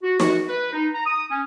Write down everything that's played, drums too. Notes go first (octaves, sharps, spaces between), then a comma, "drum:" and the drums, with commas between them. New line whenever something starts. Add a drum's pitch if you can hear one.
F#4
F#4, drum: snare
B4
D#4
A#5
D#6
C#4